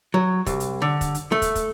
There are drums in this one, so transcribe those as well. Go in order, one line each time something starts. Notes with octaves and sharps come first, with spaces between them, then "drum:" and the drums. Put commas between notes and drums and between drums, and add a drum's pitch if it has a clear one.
F#3
C2, drum: kick, hi-hat
drum: hi-hat
D3
drum: kick, hi-hat
drum: hi-hat
A3
drum: kick, hi-hat
drum: kick, hi-hat